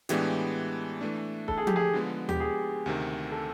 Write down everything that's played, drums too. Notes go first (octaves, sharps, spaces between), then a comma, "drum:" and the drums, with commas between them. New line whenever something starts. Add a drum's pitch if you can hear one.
A2 E3 G#3 B3 D4 G4, drum: hi-hat
E3 A3 D4
A4, drum: kick
G#4
G4, drum: tom F3
G#4
D3 F3 G#3 B3
G4, drum: tom D#2
G#4
D2 C3 D#3
A4